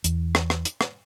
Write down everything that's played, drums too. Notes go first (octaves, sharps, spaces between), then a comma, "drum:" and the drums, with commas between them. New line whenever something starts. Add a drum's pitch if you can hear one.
E2, drum: hi-hat
drum: rim click
drum: rim click
drum: hi-hat
drum: rim click